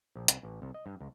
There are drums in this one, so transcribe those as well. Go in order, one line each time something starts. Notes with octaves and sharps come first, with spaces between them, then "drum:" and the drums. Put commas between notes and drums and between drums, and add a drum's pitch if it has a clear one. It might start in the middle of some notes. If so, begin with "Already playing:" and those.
A#1
C2, drum: hi-hat
A1
C2
D#5
G2
C#2